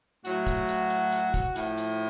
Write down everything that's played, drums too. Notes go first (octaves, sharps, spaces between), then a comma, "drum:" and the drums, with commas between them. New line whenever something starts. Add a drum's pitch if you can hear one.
A2 F#3 F#4, drum: hi-hat
drum: kick, hi-hat
drum: hi-hat
drum: hi-hat
drum: hi-hat
drum: kick, hi-hat
A2 F3, drum: hi-hat
drum: hi-hat